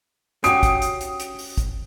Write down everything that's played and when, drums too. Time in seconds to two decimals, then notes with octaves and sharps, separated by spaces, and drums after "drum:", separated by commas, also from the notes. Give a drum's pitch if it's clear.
0.44 C#4 F#4 G4 D#6 C7 D7, drum: hi-hat
0.63 drum: kick, hi-hat
0.82 drum: hi-hat
1.01 drum: hi-hat
1.20 drum: hi-hat
1.39 drum: open hi-hat
1.58 drum: kick, hi-hat